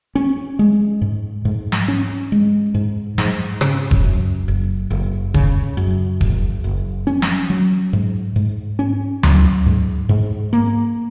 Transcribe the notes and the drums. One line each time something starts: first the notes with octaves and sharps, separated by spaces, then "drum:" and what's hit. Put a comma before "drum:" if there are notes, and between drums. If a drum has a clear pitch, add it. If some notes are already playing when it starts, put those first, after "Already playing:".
C#4
G#3
G#2
G#2
drum: snare
C#4
G#3
G#2
G#2, drum: snare
C#3, drum: rim click
drum: kick E1
F#2
F#1
F#1
C#3, drum: kick E1
F#2
F#1, drum: kick E1
F#1
C#4
drum: snare
F#3
G#2
G#2
C#4
F#3, drum: tom D2
G#2
G#2
A#3